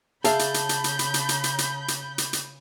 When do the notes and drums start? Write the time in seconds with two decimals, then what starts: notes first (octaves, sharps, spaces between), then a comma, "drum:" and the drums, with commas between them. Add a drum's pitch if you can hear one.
0.24 C#3 G#4 E5 F5 A5 B5 G6, drum: hi-hat
0.39 drum: hi-hat
0.54 drum: hi-hat
0.69 drum: hi-hat
0.84 drum: hi-hat
0.99 drum: hi-hat
1.14 drum: hi-hat
1.29 drum: hi-hat
1.44 drum: hi-hat
1.58 drum: hi-hat
1.88 drum: hi-hat
2.18 drum: hi-hat
2.33 drum: hi-hat